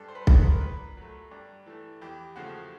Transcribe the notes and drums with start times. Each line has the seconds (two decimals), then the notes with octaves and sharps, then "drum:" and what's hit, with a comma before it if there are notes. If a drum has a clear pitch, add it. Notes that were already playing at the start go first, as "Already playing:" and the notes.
Already playing: G2 A4
0.08 C5
0.15 B4
0.27 D#3 F#3 A3, drum: kick B1
0.39 B4
0.49 A#4
0.61 A#2 B4
0.97 F#3 A3
1.31 G2
1.66 E3 A3
2.02 E2 G4
2.36 C#3 F3 A3 F#4